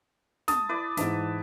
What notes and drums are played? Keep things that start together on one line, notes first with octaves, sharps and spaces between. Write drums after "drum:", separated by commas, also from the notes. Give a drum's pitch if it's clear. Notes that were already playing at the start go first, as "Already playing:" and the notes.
A5 D#6, drum: snare
E4 B4 D5
G#2 E3 E5 A5, drum: snare